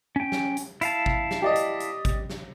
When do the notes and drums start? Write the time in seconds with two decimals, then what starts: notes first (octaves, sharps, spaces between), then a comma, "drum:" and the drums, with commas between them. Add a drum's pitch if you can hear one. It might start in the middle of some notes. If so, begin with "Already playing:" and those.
0.16 C#4 G5
0.32 drum: snare
0.57 drum: hi-hat
0.81 E4 F5 A5, drum: hi-hat
1.06 drum: kick G#1
1.31 drum: snare
1.42 G4 D5 D#5
1.55 drum: hi-hat
1.80 drum: hi-hat
2.05 drum: kick G#1, hi-hat
2.30 drum: snare